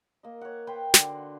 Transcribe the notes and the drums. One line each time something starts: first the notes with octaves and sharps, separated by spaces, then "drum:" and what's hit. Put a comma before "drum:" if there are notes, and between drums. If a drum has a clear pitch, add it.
A#3 D#5
C#5 F#5
B4 C5 G5
D3 F#4 D5, drum: snare